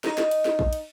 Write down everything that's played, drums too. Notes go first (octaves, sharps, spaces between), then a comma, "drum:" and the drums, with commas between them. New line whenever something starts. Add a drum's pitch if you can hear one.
D#4 D#5, drum: snare
drum: snare
drum: cymbal
drum: snare
drum: kick
drum: cymbal